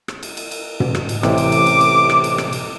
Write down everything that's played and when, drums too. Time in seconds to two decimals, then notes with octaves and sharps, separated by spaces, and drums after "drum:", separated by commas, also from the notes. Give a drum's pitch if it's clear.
0.08 drum: rim click
0.23 drum: cymbal
0.37 drum: cymbal
0.51 drum: cymbal
0.80 drum: tom
0.94 drum: rim click
1.09 drum: cymbal
1.23 A1 C3 D6, drum: rim click
1.38 drum: cymbal
1.52 drum: cymbal
1.66 drum: cymbal
1.81 drum: cymbal
2.09 drum: rim click
2.24 drum: cymbal
2.38 drum: rim click
2.53 drum: cymbal